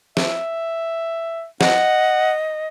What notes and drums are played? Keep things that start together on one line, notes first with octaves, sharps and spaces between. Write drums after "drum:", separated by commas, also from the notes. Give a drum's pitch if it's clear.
E5, drum: snare
D#5 F#5, drum: snare